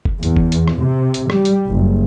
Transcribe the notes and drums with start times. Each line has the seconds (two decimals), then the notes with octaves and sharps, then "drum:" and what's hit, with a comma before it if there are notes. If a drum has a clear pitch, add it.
0.05 drum: kick F#1
0.23 E2, drum: hi-hat
0.36 drum: kick F#1
0.52 drum: hi-hat
0.68 drum: rim click
0.77 C3
1.14 drum: hi-hat
1.30 G3, drum: rim click
1.45 drum: hi-hat
1.68 F#1